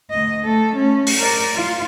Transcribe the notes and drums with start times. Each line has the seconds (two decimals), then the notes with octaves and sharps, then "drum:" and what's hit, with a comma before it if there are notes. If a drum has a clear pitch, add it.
0.10 D2 D#5
0.44 A3 A4
0.75 A3 C#4
1.07 drum: open hi-hat
1.19 A#4 D5
1.55 F4